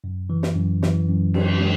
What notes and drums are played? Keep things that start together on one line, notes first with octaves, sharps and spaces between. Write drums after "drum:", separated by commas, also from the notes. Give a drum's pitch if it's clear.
F#2
E3
drum: snare
F#2
E3, drum: snare
F#2
F#2, drum: cymbal
G#3